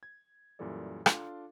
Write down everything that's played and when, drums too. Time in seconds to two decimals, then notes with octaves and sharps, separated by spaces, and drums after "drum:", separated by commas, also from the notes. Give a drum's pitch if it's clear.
0.03 G#6
0.59 F#2 A#2 E3 G3 A4 D5
1.06 D4 F4 A4 F5 C6 D6, drum: rim click